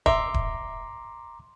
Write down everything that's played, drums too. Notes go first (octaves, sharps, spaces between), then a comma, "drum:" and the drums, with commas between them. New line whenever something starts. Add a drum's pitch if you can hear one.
E5 A#5 C6 D6, drum: kick D#1
drum: kick D#1